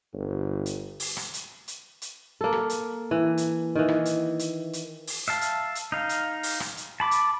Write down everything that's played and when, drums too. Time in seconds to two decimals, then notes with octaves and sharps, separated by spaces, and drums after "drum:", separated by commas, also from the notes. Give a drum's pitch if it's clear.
0.13 G1
0.66 drum: hi-hat
1.00 drum: open hi-hat
1.17 drum: rim click
1.34 drum: hi-hat
1.68 drum: hi-hat
2.02 drum: hi-hat
2.41 A#3 A4
2.53 drum: rim click
2.70 drum: hi-hat
3.11 E3
3.37 drum: hi-hat
3.76 D#3 E3
3.88 drum: rim click
4.05 drum: hi-hat
4.39 drum: hi-hat
4.73 drum: hi-hat
5.07 drum: open hi-hat
5.28 E5 F5 A5
5.41 drum: hi-hat
5.75 drum: hi-hat
5.92 D#4 F5
6.09 drum: hi-hat
6.43 drum: open hi-hat
6.60 drum: rim click
6.77 drum: hi-hat
7.00 A5 B5 D6
7.11 drum: hi-hat